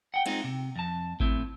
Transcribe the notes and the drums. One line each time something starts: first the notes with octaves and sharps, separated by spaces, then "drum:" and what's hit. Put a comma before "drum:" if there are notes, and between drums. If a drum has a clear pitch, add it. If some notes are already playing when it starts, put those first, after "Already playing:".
F#5 G5
G#3 C4 D#4 F4, drum: cymbal
C3
F2 A5
A2 C4 E4, drum: kick G#1